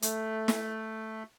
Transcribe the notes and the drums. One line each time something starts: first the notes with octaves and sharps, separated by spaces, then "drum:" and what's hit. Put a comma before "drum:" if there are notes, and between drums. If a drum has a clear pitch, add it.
A3, drum: hi-hat
drum: snare